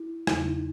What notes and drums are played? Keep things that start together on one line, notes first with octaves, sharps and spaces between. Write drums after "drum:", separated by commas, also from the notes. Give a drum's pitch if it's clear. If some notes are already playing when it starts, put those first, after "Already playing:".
Already playing: E4
E2 C#3 F#3 A3 D#4, drum: rim click
E4
D#4